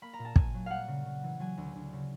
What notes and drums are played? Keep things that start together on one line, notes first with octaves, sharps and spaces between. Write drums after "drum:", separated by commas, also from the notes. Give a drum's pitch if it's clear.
A#3 B5
A#5
A#2
A5
A#2 G#5, drum: kick
F#3
G3 F5 F#5
C#3
C#3
E3
F#3 G#5
D2
D2
C#3